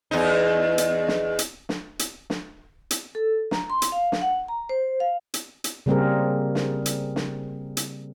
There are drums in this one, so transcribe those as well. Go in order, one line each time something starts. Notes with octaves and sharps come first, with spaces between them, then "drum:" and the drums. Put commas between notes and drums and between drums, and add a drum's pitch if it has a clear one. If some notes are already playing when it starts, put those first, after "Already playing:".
E2 D#4
drum: hi-hat
drum: snare
drum: hi-hat
drum: snare
drum: hi-hat
drum: snare
drum: hi-hat
A4
A#5, drum: snare
C6
drum: hi-hat
F5
drum: snare
F#5
A#5
C5
F5
drum: hi-hat
drum: hi-hat
C#3 G3 A#3 C4 G#4 A#4
drum: snare
drum: hi-hat
drum: snare
drum: hi-hat